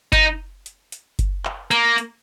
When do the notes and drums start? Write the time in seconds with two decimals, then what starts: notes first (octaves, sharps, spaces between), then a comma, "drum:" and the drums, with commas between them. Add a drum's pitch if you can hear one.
0.13 D#4, drum: kick F#1, hi-hat
0.66 drum: hi-hat
0.92 drum: hi-hat
1.19 drum: kick F#1, hi-hat
1.45 drum: clap
1.71 A#3, drum: hi-hat
1.98 drum: hi-hat